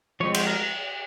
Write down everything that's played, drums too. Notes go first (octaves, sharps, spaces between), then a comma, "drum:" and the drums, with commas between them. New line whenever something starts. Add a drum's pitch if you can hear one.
F3 G#3 C4 C#5
C5, drum: cymbal
A#4